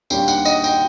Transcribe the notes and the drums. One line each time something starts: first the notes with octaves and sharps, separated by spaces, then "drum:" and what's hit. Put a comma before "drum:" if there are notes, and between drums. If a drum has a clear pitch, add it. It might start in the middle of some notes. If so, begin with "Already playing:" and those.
D#2 D#3 G3 A#3 D4 G5, drum: tambourine
F#5, drum: tambourine
D#5, drum: tambourine
G5, drum: tambourine